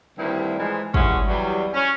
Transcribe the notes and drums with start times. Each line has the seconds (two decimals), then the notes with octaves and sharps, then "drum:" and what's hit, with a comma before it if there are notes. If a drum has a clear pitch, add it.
0.17 D2 G2 D#3 G3 C4 E4
0.58 G#2 E3 F3 G#3
0.94 G2 G#3 C#4 E4 F#4, drum: kick
1.27 E2 F#3 G3
1.73 C#4